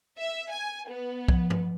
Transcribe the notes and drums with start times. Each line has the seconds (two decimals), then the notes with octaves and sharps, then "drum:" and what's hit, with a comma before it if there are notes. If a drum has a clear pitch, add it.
0.18 E5
0.52 G#5
0.89 B3
1.28 F3, drum: kick
1.50 drum: tom G2